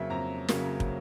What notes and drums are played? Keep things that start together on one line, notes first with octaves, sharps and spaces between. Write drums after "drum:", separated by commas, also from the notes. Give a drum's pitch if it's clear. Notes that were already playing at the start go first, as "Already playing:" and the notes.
Already playing: F2 C#3 F#3 A#3 E5
F2 A#5
C#3 F#3 A#3, drum: snare
drum: kick